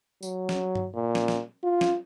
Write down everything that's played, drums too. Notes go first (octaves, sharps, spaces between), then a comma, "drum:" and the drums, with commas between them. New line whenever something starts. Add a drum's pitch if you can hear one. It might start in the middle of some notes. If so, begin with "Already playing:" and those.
F#3, drum: tambourine
drum: snare
drum: tom G2
A#2
drum: snare
drum: snare
F4
drum: snare